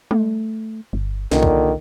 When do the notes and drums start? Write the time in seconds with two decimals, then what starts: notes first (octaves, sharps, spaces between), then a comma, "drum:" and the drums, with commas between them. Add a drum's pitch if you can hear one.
0.11 A3, drum: tom
0.93 G1
1.32 C2 A#2 D3 D#3, drum: snare
1.43 drum: kick